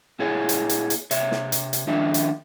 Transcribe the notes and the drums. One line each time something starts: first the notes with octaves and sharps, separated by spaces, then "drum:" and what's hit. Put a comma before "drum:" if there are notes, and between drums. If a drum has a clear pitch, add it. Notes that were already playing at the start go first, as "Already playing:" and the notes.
A#2 E4 G#4 C#5 G#5
drum: hi-hat
drum: hi-hat
drum: hi-hat
C3 C#5 E5, drum: hi-hat
drum: snare
drum: hi-hat
drum: hi-hat
D#3 F3 D4 E5
drum: hi-hat